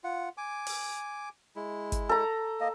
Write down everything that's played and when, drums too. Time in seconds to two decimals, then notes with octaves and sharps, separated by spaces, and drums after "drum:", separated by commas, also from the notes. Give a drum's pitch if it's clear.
0.04 F4 F#5
0.37 G#5 D6
0.67 drum: open hi-hat
1.56 G#3 E4
1.92 drum: kick G1, hi-hat
2.09 A4 A#5
2.60 A#3 D#5